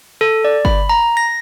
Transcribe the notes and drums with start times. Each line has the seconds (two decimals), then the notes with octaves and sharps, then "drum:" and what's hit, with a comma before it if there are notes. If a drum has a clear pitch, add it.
0.21 A4
0.45 D5
0.65 B5, drum: kick G1
0.89 A#5
1.17 A#6